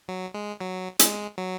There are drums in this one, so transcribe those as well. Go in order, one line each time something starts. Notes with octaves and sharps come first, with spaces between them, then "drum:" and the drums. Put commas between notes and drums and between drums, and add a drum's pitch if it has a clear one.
F#3
G#3
F#3
G#3, drum: hi-hat
F#3